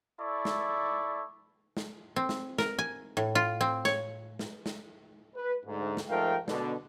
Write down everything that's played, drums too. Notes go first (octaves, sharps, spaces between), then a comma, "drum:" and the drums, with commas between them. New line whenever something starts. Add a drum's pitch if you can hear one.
E4 A4 D5 C#6
drum: snare
drum: snare
C4
drum: snare
A#4, drum: snare
G#5
A2
F4
C4
C#5, drum: snare
drum: snare
drum: snare
B4
D2 G#2
drum: snare
G#2 F3 A3 A#4 F5 G5
B2 D3, drum: snare